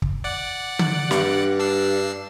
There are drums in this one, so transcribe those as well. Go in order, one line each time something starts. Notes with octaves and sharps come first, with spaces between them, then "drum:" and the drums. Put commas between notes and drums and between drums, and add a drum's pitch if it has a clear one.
drum: kick
D5 F#5
drum: tom D3
G2, drum: snare
D4 E6 C7